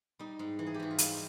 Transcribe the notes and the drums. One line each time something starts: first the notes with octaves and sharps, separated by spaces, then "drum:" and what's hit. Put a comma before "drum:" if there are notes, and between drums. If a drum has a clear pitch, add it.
G3 D#4
G#2
E3
G#4
G4
G#2 F#4
F4
G3 E4, drum: hi-hat